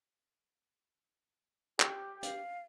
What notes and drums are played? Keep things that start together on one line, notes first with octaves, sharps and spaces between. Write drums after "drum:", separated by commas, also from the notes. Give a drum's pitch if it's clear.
G4, drum: clap
F5, drum: hi-hat